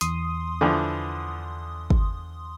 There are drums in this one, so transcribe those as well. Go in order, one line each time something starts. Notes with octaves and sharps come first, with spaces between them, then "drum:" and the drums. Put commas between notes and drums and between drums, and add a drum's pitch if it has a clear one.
E2 C6 D#6, drum: hi-hat
D3 E3 F3
drum: kick